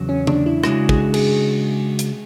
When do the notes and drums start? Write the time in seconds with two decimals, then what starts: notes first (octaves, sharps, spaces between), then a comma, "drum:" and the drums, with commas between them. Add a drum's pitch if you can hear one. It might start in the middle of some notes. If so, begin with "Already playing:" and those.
Already playing: E2 C#3 F#3
0.09 C#4
0.27 D4, drum: tom C#3
0.46 E4
0.64 C#3 G#3 D4 F#4, drum: rim click
0.89 G#4, drum: kick
1.14 G#4, drum: cymbal
1.99 drum: hi-hat